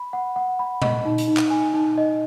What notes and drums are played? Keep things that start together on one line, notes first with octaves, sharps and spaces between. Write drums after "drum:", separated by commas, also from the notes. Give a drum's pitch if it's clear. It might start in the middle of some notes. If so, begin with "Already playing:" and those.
Already playing: B5
F#5
F#5
B5
D#5, drum: tom A#2
D#4
drum: hi-hat
D#4
drum: clap
G#5
D#4
D#5